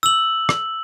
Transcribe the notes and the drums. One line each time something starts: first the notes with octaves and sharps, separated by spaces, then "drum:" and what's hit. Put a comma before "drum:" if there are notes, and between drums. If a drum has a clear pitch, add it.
E6 F#7
drum: rim click